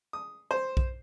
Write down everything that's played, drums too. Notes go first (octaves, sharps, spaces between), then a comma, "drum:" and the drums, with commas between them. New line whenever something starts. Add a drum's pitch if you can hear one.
D#6
C5
drum: kick B1